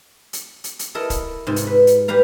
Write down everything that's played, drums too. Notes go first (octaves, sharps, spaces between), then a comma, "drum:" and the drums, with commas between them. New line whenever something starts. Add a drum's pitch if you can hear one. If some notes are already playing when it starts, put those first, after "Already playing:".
drum: hi-hat
drum: hi-hat
drum: hi-hat
E4 A4 A#4 D#5
drum: kick C#1, hi-hat
G#2 C3 F4
drum: hi-hat
B4
drum: hi-hat
G3 G4 B4 F5 A#5